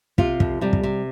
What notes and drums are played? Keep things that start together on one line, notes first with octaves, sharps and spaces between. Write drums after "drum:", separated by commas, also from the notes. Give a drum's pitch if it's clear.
C3 F4, drum: kick
F2, drum: kick
C3 G3
drum: kick
C3